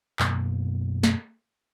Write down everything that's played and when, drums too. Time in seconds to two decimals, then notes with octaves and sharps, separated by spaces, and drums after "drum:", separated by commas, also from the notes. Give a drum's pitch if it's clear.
0.19 F#2 B2 A#3, drum: clap
1.03 drum: snare